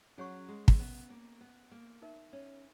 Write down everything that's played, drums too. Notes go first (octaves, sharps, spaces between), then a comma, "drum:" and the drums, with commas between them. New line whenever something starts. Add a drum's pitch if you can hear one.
F#3 C#4 G#4 C#5 F#5 C#6
G#3
drum: kick
B3
A#3
B3
A#3
D#4 A#4 E5
C#4